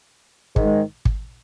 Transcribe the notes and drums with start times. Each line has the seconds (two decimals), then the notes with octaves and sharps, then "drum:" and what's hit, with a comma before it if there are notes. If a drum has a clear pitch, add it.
0.56 G#2 D#3 G#3, drum: kick
1.05 drum: kick